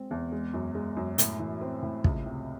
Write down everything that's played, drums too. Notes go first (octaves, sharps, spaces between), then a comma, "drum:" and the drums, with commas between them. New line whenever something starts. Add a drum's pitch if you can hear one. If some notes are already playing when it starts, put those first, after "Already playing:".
Already playing: G#3 C4
E2
G#3
F#2
G#3
F#2
A2, drum: hi-hat
E3
C4
A2
C#2, drum: kick
C3